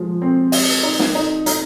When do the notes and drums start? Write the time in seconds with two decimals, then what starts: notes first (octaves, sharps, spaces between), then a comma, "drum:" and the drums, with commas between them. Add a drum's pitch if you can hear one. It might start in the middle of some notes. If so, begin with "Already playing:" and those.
Already playing: F3 G#3
0.22 C4
0.52 D#5, drum: open hi-hat
0.83 D#4
0.99 drum: snare
1.15 D#4
1.46 D#4, drum: hi-hat